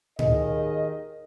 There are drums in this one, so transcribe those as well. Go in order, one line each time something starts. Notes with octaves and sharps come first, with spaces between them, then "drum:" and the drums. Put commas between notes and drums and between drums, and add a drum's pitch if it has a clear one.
D#2 D#3 G#4 D#5, drum: tom A2